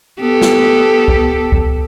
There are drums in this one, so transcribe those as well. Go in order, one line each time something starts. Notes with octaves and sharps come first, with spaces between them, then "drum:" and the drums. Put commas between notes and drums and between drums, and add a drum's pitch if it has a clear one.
B3 G4 A4
drum: snare
drum: kick C2
drum: kick C2